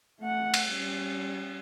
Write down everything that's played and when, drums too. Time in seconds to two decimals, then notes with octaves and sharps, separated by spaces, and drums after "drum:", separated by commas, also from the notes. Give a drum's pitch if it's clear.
0.20 A3 F#5
0.54 drum: cymbal
0.69 G3 C#4